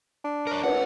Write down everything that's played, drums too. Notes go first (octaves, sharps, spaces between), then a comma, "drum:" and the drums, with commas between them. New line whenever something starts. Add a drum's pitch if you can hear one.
D4
A#4 C#5
B4 F#5, drum: cymbal